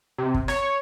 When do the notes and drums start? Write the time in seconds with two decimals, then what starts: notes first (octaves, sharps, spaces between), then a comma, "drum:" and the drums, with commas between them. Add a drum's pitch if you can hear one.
0.18 C3
0.34 drum: kick
0.48 C#5, drum: rim click